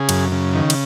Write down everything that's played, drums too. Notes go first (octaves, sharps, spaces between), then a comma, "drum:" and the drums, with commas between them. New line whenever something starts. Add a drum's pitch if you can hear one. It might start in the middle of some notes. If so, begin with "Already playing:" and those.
Already playing: C#3 G#4
F#2, drum: cymbal
C#3
D#3
drum: cymbal